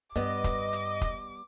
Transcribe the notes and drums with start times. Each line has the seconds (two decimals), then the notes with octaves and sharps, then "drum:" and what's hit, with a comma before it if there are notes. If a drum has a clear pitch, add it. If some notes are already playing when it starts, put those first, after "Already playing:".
0.16 G2 G3 B3 D#5 D6, drum: hi-hat
0.44 drum: kick, hi-hat
0.73 drum: hi-hat
1.01 drum: kick, hi-hat